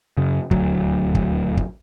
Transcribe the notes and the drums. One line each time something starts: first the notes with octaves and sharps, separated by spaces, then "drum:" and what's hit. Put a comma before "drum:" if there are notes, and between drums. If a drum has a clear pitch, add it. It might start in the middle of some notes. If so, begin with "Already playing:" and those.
F#2 C#3
D#1 D2 F#3, drum: kick
drum: kick
drum: kick